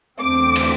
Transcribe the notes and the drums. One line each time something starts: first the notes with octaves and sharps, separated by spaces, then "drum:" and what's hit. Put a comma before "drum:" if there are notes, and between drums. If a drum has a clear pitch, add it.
E2 D3 A3 C4 D6
drum: cymbal